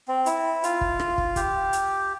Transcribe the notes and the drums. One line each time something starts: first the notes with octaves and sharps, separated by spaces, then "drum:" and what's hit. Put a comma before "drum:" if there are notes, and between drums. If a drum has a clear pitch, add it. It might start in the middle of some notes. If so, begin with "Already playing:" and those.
C4
E4, drum: hi-hat
F4, drum: hi-hat
drum: kick
drum: rim click
drum: kick
G4, drum: kick, hi-hat
drum: hi-hat